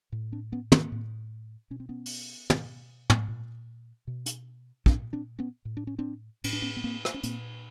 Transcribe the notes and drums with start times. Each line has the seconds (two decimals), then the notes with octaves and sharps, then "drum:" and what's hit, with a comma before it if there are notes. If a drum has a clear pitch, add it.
0.12 A2
0.32 C4 D4
0.52 B3 C#4
0.72 A#3 C4, drum: tom
0.92 A2
1.70 B2 C#4
1.80 C4
1.89 B3 C#4
2.06 drum: open hi-hat
2.50 B2, drum: tom
3.10 drum: tom
3.28 A#2
4.07 B2
4.26 drum: hi-hat
4.86 A#2 C4 D4, drum: kick
5.13 C4 D4
5.39 B3 C#4
5.65 A2
5.77 D4
5.87 C#4
5.99 C4 D4
6.44 A2 C#4, drum: cymbal
6.53 D4
6.62 B3 C#4
6.77 B3
6.84 A#3 C4
7.05 drum: rim click
7.14 C#4
7.23 A#2 A#3 C4, drum: hi-hat